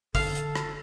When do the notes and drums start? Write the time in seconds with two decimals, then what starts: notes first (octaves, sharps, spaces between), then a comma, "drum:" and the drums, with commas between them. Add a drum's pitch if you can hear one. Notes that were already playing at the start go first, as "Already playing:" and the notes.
0.15 D3 A4 F5, drum: kick, open hi-hat
0.35 drum: hi-hat
0.55 drum: rim click